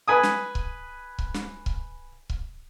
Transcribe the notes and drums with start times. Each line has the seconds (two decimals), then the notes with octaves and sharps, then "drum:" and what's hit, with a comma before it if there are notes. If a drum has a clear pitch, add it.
0.08 B4 G#5 D#6
0.23 drum: snare
0.55 drum: kick C#1
1.19 drum: kick C#1
1.34 drum: snare
1.66 drum: kick C#1
2.30 drum: kick C#1